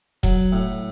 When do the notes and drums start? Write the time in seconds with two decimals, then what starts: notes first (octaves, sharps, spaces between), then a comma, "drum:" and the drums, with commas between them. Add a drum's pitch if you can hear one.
0.23 F#3, drum: kick E1
0.52 A2